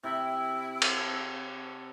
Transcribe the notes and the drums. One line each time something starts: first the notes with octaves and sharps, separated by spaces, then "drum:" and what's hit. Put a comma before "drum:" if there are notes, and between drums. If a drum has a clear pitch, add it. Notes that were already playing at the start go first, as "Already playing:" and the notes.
C3 E4
drum: cymbal